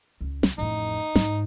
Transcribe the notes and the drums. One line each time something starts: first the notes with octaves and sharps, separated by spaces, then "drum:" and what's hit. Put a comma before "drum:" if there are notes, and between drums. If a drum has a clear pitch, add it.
C#2
drum: snare
A1 F2 D#4
G#2, drum: snare